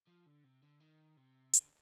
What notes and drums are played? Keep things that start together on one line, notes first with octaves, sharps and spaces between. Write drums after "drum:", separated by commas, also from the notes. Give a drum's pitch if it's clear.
F3
D3
C3
D3
D#3
C3
D3, drum: hi-hat